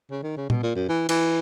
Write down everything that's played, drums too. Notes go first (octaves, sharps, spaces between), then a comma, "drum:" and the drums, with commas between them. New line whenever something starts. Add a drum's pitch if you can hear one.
C#3
D#3
C#3
B2, drum: tom A#2
A#2
F#2
E3
E3, drum: cymbal